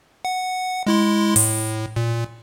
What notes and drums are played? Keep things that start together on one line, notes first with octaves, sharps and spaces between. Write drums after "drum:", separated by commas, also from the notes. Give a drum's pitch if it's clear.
F#5
G#3 E4 C6
A2, drum: open hi-hat
A#2